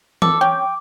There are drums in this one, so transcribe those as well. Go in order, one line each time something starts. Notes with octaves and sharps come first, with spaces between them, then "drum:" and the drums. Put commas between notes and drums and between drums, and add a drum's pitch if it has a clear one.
A4 D6, drum: tom E3
C#4 G5